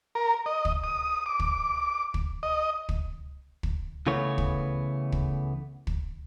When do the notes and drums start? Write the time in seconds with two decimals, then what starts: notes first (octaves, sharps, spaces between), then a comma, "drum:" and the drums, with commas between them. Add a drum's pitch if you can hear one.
0.15 A#4
0.46 D#5
0.65 drum: kick
0.84 D#6
1.26 D6
1.40 drum: kick
2.14 drum: kick
2.43 D#5
2.89 drum: kick
3.63 drum: kick
4.07 C#3 E3 A3 B3 C#5
4.38 drum: kick
5.12 drum: kick
5.87 drum: kick